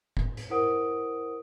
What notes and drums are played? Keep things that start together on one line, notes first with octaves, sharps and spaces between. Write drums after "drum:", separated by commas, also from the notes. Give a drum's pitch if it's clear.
drum: kick
drum: hi-hat
E4 A#4 C5 F#5 D#6 D7